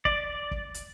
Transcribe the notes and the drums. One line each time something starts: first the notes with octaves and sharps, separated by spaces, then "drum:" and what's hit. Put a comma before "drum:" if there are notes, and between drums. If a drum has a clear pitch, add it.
D5, drum: kick
drum: kick
drum: hi-hat